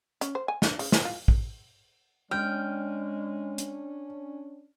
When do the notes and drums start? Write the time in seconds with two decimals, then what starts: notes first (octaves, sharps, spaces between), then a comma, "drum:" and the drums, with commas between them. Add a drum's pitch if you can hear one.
0.21 C#4, drum: hi-hat
0.35 C5
0.48 G#5
0.62 D3, drum: snare
0.79 C#3, drum: open hi-hat
0.92 C5, drum: snare
1.05 F4
1.28 drum: kick
2.31 G#3 C#4 D4 G5 F6
3.58 drum: hi-hat